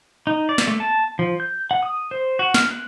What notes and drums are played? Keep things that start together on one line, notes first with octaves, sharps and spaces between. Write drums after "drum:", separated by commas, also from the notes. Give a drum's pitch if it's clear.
D#4
D5
drum: snare
A3
A5
F3
G6
F#5
D#6
C5
F#4
F6, drum: snare
F#6